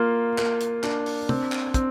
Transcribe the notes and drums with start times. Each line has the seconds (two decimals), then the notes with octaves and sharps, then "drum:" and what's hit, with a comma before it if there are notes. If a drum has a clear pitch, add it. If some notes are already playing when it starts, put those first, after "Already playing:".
Already playing: A#3 F4
0.38 A#3, drum: clap
0.61 drum: hi-hat
0.83 D4, drum: clap
1.06 drum: open hi-hat
1.29 C4, drum: tom
1.52 drum: clap
1.74 C4, drum: kick, hi-hat